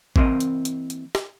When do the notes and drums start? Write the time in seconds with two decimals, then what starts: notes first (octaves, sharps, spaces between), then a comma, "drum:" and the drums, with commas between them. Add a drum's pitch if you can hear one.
0.16 E3 A#3 C4 A#4 D#5, drum: kick A1
0.40 drum: hi-hat
0.65 drum: hi-hat
0.90 drum: hi-hat
1.15 drum: snare